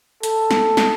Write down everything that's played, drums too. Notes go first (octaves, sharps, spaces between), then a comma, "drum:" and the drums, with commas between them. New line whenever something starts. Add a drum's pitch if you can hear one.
A4, drum: hi-hat
drum: snare
drum: snare